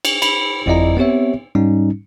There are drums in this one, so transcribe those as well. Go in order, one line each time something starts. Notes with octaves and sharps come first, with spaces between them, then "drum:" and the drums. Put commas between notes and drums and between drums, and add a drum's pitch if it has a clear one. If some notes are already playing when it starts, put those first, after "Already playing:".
drum: cymbal
B5, drum: cymbal
G1 F2 E4 D5 D#5 A#5
B3 C4 G4 C#5 E5
G#2 G3 C#4 D#4